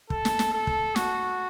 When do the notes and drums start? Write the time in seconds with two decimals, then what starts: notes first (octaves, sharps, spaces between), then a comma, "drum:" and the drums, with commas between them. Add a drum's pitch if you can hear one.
0.10 A4, drum: kick
0.25 drum: snare
0.39 drum: snare
0.53 A4
0.67 drum: kick
0.96 F#4, drum: snare